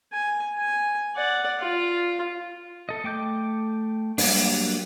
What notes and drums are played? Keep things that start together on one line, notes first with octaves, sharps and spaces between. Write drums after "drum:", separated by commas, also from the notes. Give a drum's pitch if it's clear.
G#5
G#5
D5 F#5
F4
A4 D#5
A3 G5 D6 G6
F#3 G3 A#3 D4, drum: open hi-hat